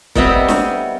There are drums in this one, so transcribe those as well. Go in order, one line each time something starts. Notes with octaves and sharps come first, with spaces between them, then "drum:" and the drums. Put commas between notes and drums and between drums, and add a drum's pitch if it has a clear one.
G3 B3 C4 A#4 D#5 E5, drum: kick
drum: snare